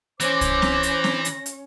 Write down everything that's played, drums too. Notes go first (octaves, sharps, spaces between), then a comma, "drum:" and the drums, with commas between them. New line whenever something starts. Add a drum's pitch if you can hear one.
E3 C#4 C5 D6 A#6, drum: hi-hat
drum: kick C2, hi-hat
drum: snare C4
drum: hi-hat
drum: snare C4
drum: hi-hat
drum: hi-hat